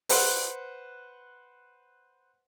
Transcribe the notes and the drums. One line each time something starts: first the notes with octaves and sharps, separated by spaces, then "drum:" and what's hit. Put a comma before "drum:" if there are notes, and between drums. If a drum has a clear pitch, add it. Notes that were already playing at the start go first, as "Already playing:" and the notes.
B4 C5 F#5, drum: open hi-hat